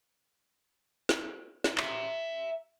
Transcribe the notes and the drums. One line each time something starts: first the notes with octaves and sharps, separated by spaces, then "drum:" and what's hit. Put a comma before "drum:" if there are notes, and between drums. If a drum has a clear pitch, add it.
drum: snare
drum: snare
E5 A#5, drum: clap